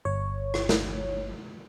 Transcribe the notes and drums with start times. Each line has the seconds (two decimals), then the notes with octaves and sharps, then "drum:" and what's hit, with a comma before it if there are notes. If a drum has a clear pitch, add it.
0.05 G1 C#5
0.54 drum: rim click
0.69 drum: snare